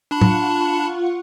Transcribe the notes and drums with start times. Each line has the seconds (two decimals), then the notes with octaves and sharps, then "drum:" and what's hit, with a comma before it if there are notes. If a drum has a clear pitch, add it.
0.11 D4 F4 F#5 A5 B5 C#6
0.21 drum: tom A2